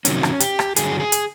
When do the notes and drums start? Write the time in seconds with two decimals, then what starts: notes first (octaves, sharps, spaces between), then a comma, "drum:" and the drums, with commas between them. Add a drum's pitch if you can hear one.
0.05 F2 C3 D#3 F#3 C#4, drum: hi-hat
0.23 drum: rim click
0.40 G4, drum: hi-hat
0.59 drum: rim click
0.76 G2 D3 F#3 G#4, drum: hi-hat
1.00 G#4
1.12 drum: hi-hat